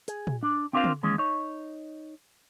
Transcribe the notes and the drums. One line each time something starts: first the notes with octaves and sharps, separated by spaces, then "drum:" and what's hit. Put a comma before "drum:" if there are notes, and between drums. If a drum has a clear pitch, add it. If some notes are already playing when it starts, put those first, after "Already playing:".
G#4, drum: hi-hat
drum: tom
D4
C4 D4 F4 A#4 C5 F5
drum: tom
D#2 E3 G#3 C#4
D#4 C#5